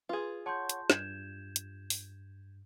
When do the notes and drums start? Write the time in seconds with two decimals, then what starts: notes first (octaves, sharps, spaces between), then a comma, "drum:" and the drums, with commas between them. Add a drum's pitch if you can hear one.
0.09 F4 G#4 B4
0.46 C#5 F#5 A5 C6 C#6 G6
0.69 drum: hi-hat
0.90 G2 G6 G#6 E7, drum: snare
1.56 drum: hi-hat
1.90 drum: open hi-hat